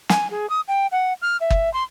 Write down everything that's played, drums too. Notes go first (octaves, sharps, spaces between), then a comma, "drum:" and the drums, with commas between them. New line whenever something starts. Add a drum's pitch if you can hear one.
G#5, drum: snare
G#4
D#6
G5
F#5
F6
E5
drum: kick
C6